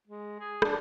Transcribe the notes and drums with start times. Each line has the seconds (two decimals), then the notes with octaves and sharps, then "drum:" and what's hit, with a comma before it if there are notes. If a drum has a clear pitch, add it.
0.07 G#3
0.40 G#4
0.62 D4, drum: rim click